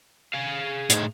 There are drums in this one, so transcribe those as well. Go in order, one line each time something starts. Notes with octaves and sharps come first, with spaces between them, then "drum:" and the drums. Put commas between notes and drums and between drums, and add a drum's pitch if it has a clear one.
G#4 F5
A2 D#4, drum: hi-hat